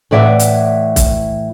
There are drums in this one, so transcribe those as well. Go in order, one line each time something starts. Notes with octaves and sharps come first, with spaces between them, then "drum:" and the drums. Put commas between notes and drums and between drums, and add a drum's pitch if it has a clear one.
A2 E3 D5 E5 F#5
drum: hi-hat
drum: kick, hi-hat